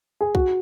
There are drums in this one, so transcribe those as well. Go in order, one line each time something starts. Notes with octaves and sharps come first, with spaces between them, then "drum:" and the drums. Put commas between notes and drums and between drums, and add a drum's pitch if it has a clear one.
G#4
F#4, drum: kick B1